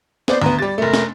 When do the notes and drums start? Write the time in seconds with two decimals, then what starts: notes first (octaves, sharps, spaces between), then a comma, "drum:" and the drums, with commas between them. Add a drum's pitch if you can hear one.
0.28 B3 C5 D5, drum: snare
0.42 D2 B3 A#5
0.59 G3 G4 A6
0.78 F1 A3 A#4
0.94 drum: snare